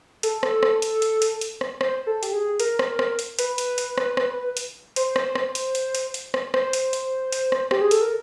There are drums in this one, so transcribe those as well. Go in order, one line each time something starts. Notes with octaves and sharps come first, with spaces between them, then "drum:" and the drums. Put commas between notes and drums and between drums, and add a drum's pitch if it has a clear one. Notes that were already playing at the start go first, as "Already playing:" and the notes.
A4, drum: hi-hat
drum: rim click
drum: rim click
drum: hi-hat
drum: hi-hat
drum: hi-hat
drum: hi-hat
drum: rim click
C5, drum: rim click
A4
G4, drum: hi-hat
G#4
A#4, drum: hi-hat
drum: rim click
drum: rim click
drum: hi-hat
B4, drum: hi-hat
drum: hi-hat
drum: hi-hat
drum: rim click
drum: rim click
drum: hi-hat
C5, drum: hi-hat
drum: rim click
drum: rim click
drum: hi-hat
drum: hi-hat
drum: hi-hat
drum: hi-hat
drum: rim click
C5, drum: rim click
drum: hi-hat
drum: hi-hat
drum: hi-hat
drum: rim click
G4, drum: rim click
G#4
A4, drum: hi-hat
A#4